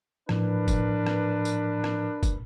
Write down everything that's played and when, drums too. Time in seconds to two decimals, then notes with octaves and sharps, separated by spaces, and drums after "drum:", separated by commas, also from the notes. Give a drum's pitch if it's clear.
0.29 A2 F3 D4 A#4 B4, drum: rim click
0.68 drum: kick, tambourine
1.06 drum: rim click
1.45 drum: tambourine
1.84 drum: rim click
2.23 drum: kick, tambourine